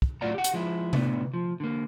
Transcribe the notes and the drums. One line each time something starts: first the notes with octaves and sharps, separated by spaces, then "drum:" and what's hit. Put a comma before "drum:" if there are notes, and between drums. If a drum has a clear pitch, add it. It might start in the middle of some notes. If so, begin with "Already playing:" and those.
drum: kick
A2 F#3 F4 D5 F#5 A#5
G4 F#5
drum: hi-hat
F3 G#3 E4
A2 B3 D4, drum: tom C3
F3
D3 A#3